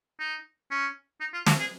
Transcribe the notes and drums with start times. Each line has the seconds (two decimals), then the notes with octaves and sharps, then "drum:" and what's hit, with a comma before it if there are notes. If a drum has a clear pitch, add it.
0.19 D#4
0.71 C#4
1.21 D#4
1.34 F4
1.47 F#4, drum: snare
1.60 G#4